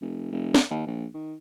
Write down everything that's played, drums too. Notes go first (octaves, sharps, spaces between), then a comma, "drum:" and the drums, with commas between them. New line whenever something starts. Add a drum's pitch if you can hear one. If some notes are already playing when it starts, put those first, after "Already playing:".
F1
F1
drum: snare
D#2
A#1
D#3